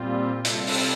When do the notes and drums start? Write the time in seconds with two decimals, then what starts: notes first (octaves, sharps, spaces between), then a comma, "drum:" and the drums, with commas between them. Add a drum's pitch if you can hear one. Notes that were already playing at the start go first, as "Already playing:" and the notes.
Already playing: A#2 G3 C4 F4
0.45 C3 G3 C4 F4 A4, drum: hi-hat
0.67 drum: open hi-hat